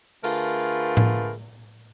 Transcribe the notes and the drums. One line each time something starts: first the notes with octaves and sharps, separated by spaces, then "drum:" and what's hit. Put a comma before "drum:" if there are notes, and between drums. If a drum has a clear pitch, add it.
D3 A3 F4 G#4 A#4 B4, drum: open hi-hat
drum: tom A2